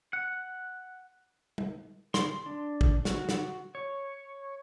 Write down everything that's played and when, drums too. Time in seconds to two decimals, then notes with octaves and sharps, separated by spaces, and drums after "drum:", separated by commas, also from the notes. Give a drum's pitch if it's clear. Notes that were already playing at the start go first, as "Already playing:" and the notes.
0.13 F#5
1.58 drum: tom
2.14 C6, drum: snare
2.46 D4
2.81 drum: kick
3.05 F#4, drum: snare
3.29 drum: snare
3.75 C#5